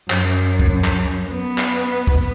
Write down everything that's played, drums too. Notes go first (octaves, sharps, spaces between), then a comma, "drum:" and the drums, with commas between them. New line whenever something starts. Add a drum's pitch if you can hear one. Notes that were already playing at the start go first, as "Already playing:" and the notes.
F#2, drum: clap
drum: kick
drum: clap
B3
drum: clap
drum: kick